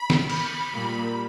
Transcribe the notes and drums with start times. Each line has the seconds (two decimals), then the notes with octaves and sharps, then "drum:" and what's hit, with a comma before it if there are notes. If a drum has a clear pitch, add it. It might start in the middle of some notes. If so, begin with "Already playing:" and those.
Already playing: B5
0.10 drum: snare
0.30 B5, drum: cymbal
0.72 A#2 G3 A#3